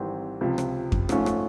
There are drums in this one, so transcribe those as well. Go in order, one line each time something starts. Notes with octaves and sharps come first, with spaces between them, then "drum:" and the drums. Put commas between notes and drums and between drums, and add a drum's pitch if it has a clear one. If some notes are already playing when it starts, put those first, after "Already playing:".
Already playing: G#1 G#2 E3 G3 C4
C#2 C3 F3
drum: rim click
drum: kick F2
G#2 F3 A3 C#4, drum: rim click
drum: rim click